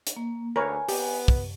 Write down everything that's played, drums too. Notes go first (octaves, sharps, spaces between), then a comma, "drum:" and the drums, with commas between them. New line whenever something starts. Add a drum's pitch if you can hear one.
drum: hi-hat
A#3
D2 A#4 B4 C#5 G#5
B3 G4, drum: open hi-hat
drum: kick